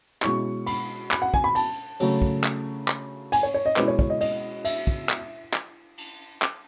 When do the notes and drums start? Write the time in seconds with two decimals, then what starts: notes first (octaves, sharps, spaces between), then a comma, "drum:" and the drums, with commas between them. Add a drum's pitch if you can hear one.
0.22 B2 G#3 C#4 E4 C#6, drum: clap
0.66 B5, drum: cymbal
1.11 B5, drum: clap
1.22 F#5
1.34 G#5, drum: kick
1.44 B5
1.55 A5, drum: cymbal
2.00 C#3 F#3 A3 C#4, drum: cymbal
2.22 drum: kick
2.44 drum: clap
2.88 drum: clap
3.32 G#5, drum: cymbal
3.43 C#5
3.54 C#5
3.66 D#5
3.76 B2 G#3 C#4 E4 B4, drum: clap
3.88 C#5
3.99 C#5, drum: kick
4.10 D#5
4.21 D#5, drum: cymbal
4.65 E5, drum: cymbal
4.87 drum: kick
5.09 drum: clap
5.54 drum: clap
5.98 drum: cymbal
6.42 drum: clap